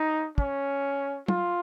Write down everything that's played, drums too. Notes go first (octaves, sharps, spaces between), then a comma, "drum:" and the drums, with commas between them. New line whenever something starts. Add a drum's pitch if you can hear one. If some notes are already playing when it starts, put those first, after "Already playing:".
Already playing: D#4
C#4, drum: kick
F4, drum: tom